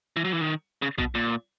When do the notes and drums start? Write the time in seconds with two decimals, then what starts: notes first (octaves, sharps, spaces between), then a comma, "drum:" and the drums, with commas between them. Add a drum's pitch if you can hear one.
0.16 E3
0.25 F#3
0.33 E3
0.41 D#3
0.82 C#3
0.98 B2, drum: kick B1
1.15 A#2